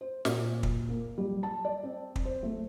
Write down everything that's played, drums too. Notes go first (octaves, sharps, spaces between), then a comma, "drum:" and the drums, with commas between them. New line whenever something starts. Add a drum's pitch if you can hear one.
C5
A#2, drum: snare
drum: kick
A#3
G3
A5
D5
C4
drum: kick
C5
A3